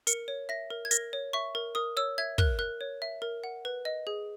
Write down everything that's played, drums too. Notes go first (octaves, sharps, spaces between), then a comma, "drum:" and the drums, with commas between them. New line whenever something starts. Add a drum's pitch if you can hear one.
A#4 C#7, drum: hi-hat
C#5
E5 A#6
A#4
G#6
A#4 A#6, drum: hi-hat
C#5
E5 C#6
A#4
A#4 D#6
C#5 E6
E5 G#6
A#4 F#6, drum: kick
A#4 F#6
C#5
E5
A#4
F#5
B4
D#5
G#4